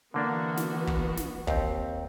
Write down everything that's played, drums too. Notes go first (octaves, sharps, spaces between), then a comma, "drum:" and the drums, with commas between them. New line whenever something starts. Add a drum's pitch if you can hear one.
D3 E3 A#3 B3 D4 F#4
drum: snare
drum: kick
drum: snare
D#2 C4, drum: kick